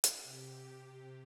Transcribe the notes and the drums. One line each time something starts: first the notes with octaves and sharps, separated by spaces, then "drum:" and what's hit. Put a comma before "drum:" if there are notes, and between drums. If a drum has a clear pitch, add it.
drum: hi-hat
C3 G4